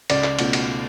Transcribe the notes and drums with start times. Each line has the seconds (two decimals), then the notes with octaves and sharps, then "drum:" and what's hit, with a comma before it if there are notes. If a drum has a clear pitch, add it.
0.10 C#2 D5, drum: cymbal
0.24 drum: clap
0.39 B2 A3 C#4 F4, drum: cymbal
0.53 drum: cymbal